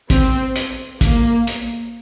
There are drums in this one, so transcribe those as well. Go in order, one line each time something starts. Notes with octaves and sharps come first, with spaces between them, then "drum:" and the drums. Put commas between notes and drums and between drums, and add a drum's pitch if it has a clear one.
C4, drum: kick, hi-hat
drum: hi-hat
A#3, drum: kick, hi-hat
drum: hi-hat